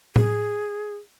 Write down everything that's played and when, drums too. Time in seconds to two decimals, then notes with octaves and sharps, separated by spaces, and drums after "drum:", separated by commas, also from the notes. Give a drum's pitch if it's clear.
0.16 G#4, drum: tom A2